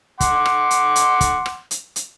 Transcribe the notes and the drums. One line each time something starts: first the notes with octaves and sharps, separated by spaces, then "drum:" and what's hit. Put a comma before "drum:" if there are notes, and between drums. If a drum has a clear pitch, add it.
F#5 C6 D6, drum: kick, hi-hat
drum: rim click
drum: hi-hat
drum: hi-hat
drum: kick, hi-hat
drum: rim click
drum: hi-hat
drum: hi-hat